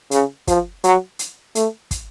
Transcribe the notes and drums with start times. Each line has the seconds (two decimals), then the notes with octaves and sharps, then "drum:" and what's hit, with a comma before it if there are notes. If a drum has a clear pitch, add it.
0.11 C#3, drum: hi-hat
0.47 F3, drum: kick, hi-hat
0.84 F#3, drum: hi-hat
1.19 drum: hi-hat
1.55 A3, drum: hi-hat
1.91 drum: kick, hi-hat